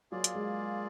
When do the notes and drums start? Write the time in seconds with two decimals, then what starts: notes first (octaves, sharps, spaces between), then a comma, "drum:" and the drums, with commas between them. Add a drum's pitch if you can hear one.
0.11 F#3 A#3 F4 G#4 D5
0.24 drum: hi-hat
0.35 G#3